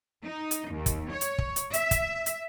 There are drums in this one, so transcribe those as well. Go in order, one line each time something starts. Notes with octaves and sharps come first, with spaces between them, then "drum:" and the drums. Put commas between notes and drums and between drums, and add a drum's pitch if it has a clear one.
D#4
drum: hi-hat
D#2
drum: kick, hi-hat
C#5
drum: hi-hat
drum: kick
drum: hi-hat
E5, drum: hi-hat
drum: kick, hi-hat
drum: hi-hat